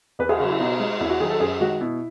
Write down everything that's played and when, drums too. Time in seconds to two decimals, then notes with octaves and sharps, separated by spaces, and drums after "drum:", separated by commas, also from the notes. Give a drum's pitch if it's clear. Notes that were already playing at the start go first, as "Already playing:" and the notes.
0.19 E2 B4
0.29 G#4, drum: cymbal
0.39 C#3 F#3 F#4
0.50 E4
0.60 B2 D#4
0.80 G#3
1.01 E2 E4
1.10 F#4
1.20 D#3 F#3 G#4
1.30 A4
1.40 F#2 G#4
1.60 D#3 G#3 F#4
1.81 B2 E4